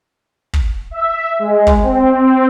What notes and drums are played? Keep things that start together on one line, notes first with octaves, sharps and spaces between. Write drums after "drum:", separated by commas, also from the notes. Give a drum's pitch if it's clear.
drum: kick
E5
G#3
drum: kick
C4